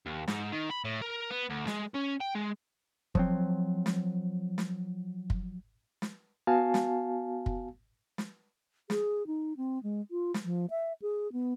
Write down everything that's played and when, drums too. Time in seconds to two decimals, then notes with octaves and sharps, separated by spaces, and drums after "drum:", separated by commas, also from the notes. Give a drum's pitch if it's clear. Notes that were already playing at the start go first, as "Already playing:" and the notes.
0.06 D#2
0.27 G#2, drum: snare
0.52 D#3
0.70 B5
0.85 A2
1.02 A#4
1.30 B3
1.50 D2
1.67 G#3, drum: snare
1.95 C#4
2.21 G5
2.35 G#3
3.15 F3 F#3 C4, drum: kick
3.86 drum: snare
4.58 drum: snare
5.30 drum: kick
6.02 drum: snare
6.47 B3 F#4 F5 G#5 A5
6.74 drum: snare
7.46 drum: kick
8.18 drum: snare
8.90 G#4, drum: snare
9.27 D#4
9.57 C4
9.83 G#3
10.11 F4
10.34 drum: snare
10.44 F3
10.70 E5
11.02 G#4
11.33 B3